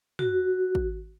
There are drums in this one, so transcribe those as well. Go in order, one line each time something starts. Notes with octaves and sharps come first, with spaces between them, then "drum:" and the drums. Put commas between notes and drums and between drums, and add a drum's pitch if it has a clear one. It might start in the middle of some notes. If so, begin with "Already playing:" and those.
F#4, drum: tom
drum: kick